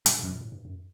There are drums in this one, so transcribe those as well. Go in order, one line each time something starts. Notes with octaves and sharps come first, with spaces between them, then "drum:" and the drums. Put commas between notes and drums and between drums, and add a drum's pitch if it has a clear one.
G2 A#2, drum: hi-hat
A#2
F#2
A#2
A2
G2
F#2